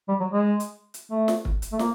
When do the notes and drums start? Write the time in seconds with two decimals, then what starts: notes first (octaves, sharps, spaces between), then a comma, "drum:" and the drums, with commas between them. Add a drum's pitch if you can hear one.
0.08 G3
0.20 F#3
0.32 G#3
0.60 drum: hi-hat
0.94 drum: hi-hat
1.11 A3
1.28 drum: snare
1.45 drum: kick
1.62 drum: hi-hat
1.73 A3
1.79 A#3, drum: snare